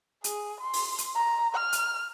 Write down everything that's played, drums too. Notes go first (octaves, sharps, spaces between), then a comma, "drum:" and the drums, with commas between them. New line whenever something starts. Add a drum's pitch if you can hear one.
G#4, drum: hi-hat
C6
drum: open hi-hat
drum: hi-hat
A#5
F6
drum: hi-hat